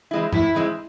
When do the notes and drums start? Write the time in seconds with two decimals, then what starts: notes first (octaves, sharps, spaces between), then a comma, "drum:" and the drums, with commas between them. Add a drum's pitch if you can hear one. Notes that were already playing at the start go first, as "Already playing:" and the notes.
0.11 E3 G#3 C4 E4
0.33 A2 E4, drum: tom G2
0.54 E3 G#3 C4 E4